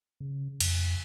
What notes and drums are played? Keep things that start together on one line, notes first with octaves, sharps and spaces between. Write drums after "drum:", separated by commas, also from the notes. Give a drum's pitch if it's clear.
C#3
F2, drum: cymbal